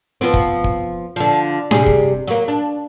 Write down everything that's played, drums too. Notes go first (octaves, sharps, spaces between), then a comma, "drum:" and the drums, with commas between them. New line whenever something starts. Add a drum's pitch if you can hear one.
F3 B3 C4
drum: kick
drum: kick
D3 F3
C3 G3 G#4, drum: snare D4
drum: kick
F#3 A#3
D4